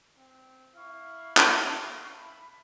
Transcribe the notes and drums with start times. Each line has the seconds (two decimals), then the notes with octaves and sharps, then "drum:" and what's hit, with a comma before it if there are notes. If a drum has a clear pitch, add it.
0.18 C4
0.75 E4 F5 C#6 F6
1.37 drum: clap
2.16 E5 B5